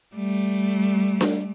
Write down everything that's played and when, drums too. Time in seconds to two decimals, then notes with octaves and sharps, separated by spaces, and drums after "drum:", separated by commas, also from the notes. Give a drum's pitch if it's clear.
0.15 G3 A3
1.21 drum: snare D4